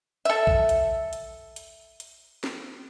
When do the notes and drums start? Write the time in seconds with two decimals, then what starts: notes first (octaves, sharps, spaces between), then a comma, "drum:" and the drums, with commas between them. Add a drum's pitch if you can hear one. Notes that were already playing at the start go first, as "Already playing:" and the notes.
0.25 A4 E5, drum: hi-hat
0.47 drum: kick
0.69 drum: hi-hat
1.13 drum: hi-hat
1.56 drum: hi-hat
2.00 drum: hi-hat
2.44 drum: snare